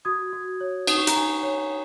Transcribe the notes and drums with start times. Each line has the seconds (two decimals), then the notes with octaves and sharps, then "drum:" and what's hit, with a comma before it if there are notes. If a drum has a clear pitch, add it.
0.05 F#4 D#6 G#6
0.32 F#4
0.61 C#5
0.87 D#4 D#6, drum: cymbal
0.97 C#6
1.07 A#5, drum: hi-hat
1.16 D#4 G#5 C#6
1.43 C#5